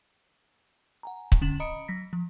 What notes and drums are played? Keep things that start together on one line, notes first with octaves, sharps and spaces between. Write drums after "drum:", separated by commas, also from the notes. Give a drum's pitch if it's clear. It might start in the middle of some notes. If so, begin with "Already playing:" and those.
F#5 G#5 A#5
drum: kick C#1
D3 C#4 A6 E7 F#7
D#5 A#5 B5 D#6 C#7 D7
F#3 A#6 B6
F3